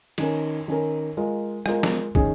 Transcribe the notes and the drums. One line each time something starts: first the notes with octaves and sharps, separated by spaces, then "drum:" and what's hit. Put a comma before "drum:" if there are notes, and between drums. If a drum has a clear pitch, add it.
D#3 C#4 A#4, drum: cymbal
D#3 C#4 A#4
G#3 F4 A#4
G#3 F4 A#4, drum: rim click
drum: snare
D#3 C#4 G#4, drum: kick